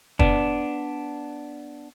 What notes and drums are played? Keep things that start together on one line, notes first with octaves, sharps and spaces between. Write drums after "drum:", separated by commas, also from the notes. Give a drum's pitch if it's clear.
B3 D4, drum: kick